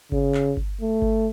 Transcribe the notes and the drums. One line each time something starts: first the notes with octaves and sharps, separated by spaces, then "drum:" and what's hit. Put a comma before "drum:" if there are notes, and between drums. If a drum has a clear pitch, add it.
C#3, drum: kick G1
drum: clap
drum: kick G1
A3
drum: kick G1